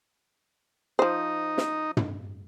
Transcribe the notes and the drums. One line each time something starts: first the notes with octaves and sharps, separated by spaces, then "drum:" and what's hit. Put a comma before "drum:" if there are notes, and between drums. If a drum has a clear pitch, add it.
F3 D#4 C5
drum: snare
drum: tom